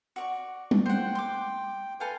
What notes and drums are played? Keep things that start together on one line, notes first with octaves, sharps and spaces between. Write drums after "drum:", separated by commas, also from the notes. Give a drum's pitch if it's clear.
F#4 D5 C#6
drum: tom G3
C5 F#5 G5
C6 D6
A4 B4 F5 G5 G#5